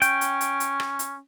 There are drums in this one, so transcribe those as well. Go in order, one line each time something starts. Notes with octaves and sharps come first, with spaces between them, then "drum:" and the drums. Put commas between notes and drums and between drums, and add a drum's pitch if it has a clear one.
C#4 G5, drum: hi-hat
drum: hi-hat
drum: hi-hat
drum: hi-hat
drum: rim click
drum: hi-hat